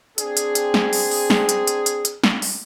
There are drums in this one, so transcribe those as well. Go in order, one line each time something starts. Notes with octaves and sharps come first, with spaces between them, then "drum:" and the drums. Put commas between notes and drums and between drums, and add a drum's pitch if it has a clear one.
C4 D4 G#4, drum: hi-hat
drum: hi-hat
drum: hi-hat
drum: snare
drum: open hi-hat
drum: open hi-hat
drum: snare
drum: hi-hat
drum: hi-hat
drum: hi-hat
drum: hi-hat
drum: snare
drum: open hi-hat